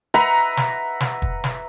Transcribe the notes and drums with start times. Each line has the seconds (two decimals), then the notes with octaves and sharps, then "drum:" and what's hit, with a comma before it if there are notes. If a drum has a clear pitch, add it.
0.14 B4 E5 F#5 A#5
0.57 drum: snare
1.00 drum: snare
1.22 drum: kick
1.44 drum: snare